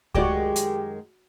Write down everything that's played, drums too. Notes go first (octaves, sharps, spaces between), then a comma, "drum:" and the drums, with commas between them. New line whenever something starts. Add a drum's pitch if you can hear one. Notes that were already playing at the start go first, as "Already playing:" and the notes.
F#2 D#3 G#3 F#4 G4 D5 D6, drum: kick C#2
drum: hi-hat